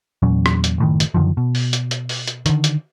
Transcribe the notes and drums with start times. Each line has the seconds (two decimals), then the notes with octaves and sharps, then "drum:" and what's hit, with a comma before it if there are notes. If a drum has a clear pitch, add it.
0.22 E2 A#2 F#3 C#4
0.46 drum: rim click
0.64 drum: hi-hat
0.78 F#1 A2 D#3
1.00 drum: hi-hat
1.14 F#2 D3 D#3 F3
1.37 B2
1.55 drum: open hi-hat
1.73 drum: hi-hat
1.91 drum: hi-hat
2.09 drum: open hi-hat
2.28 drum: hi-hat
2.46 D3 D#3, drum: hi-hat
2.64 drum: hi-hat